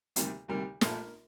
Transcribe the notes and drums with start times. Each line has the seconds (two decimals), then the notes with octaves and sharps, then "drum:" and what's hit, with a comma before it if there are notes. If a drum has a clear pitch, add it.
0.16 D2 C3 D#3 G3 A#3, drum: hi-hat
0.48 D2 C3 D#3 G3 A#3
0.81 A#1 A#2 A3 A#3 A#4, drum: snare